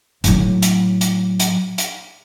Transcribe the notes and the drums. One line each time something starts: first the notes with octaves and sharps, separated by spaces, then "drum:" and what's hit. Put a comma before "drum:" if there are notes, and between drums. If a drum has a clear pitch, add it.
A2 F#3, drum: hi-hat
drum: hi-hat
drum: hi-hat
drum: hi-hat
drum: hi-hat